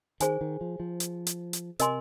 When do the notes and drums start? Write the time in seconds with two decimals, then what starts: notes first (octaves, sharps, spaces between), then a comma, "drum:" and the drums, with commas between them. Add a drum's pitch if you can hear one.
0.20 D#3 G#4 C5 G#5, drum: hi-hat
0.41 D#3
0.61 F3
0.80 F3
1.00 drum: hi-hat
1.27 drum: hi-hat
1.53 drum: hi-hat
1.79 C3 A#4 D#5 G#5 C6, drum: hi-hat